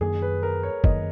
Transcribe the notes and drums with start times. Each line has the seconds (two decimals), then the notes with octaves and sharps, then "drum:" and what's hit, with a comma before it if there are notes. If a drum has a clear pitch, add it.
0.01 F#2 D#3 A#3 G#4
0.22 B4
0.43 A#4
0.63 C#5
0.84 F#2 D#3 A#3 D#5, drum: kick F#1